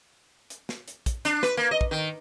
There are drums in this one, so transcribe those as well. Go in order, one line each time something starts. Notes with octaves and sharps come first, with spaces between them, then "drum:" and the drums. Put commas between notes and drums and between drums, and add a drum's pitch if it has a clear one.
drum: hi-hat
drum: snare
drum: hi-hat
drum: kick, hi-hat
D4, drum: hi-hat
B4, drum: snare
A#3
D#5
drum: kick
D#3